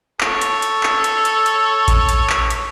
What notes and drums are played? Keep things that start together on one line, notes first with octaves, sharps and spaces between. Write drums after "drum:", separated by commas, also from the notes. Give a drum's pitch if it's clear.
A4 C#5, drum: clap
drum: hi-hat
drum: hi-hat
drum: clap
drum: hi-hat
drum: hi-hat
drum: hi-hat
drum: kick A1, hi-hat
drum: hi-hat
drum: clap
drum: hi-hat